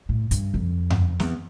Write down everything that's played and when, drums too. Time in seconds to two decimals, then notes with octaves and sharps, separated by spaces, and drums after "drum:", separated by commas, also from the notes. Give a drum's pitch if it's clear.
0.09 A2
0.31 G2, drum: hi-hat
0.54 F2
0.90 drum: tom F#2
1.20 E2, drum: snare